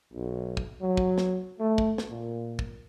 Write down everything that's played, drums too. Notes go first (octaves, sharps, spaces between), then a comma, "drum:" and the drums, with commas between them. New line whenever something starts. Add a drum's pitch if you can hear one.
B1
drum: kick
F#3
drum: kick
drum: snare
A3
drum: kick
drum: snare
A#2
drum: kick